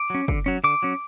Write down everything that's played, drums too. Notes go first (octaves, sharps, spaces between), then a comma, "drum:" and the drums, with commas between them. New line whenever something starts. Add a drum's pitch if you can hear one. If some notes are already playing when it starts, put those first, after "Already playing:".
Already playing: D6
F#3 C#4
D3, drum: kick
F#3 C#4
D3 D6
F#3 C#4